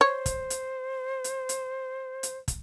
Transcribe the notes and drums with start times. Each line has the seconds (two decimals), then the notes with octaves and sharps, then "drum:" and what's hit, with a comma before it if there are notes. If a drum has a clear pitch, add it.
0.01 C5 C#5
0.26 drum: kick, hi-hat
0.50 drum: hi-hat
1.24 drum: hi-hat
1.49 drum: hi-hat
2.23 drum: hi-hat
2.48 drum: kick, hi-hat